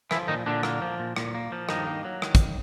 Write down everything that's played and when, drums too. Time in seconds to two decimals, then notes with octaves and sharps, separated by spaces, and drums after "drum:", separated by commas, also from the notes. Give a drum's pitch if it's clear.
0.11 E3 F3 E4, drum: rim click
0.28 A#2 D#3 D#4
0.46 A#2 D3 D4
0.63 A#3, drum: rim click
0.82 F3
0.99 A#2
1.16 A#2, drum: rim click
1.35 A#3
1.52 F3
1.69 G2 D#3 D#4, drum: rim click
1.87 A#3
2.05 F#3
2.22 D#3, drum: rim click
2.35 drum: kick, hi-hat